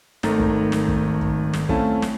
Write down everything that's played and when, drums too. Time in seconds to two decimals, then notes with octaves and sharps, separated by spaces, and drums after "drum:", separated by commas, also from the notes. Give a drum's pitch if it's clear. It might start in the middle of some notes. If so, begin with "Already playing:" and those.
0.23 G#1 D#3 A3 A#5 A6, drum: snare
0.39 drum: kick
0.72 drum: snare
0.88 drum: kick
1.21 drum: kick
1.53 drum: snare
1.69 A3 C4 C#4 E4 F5 A5, drum: kick
2.02 drum: snare